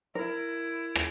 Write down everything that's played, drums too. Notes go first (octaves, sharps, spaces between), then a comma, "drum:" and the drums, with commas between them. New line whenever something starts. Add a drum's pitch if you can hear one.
E4 A#4
drum: rim click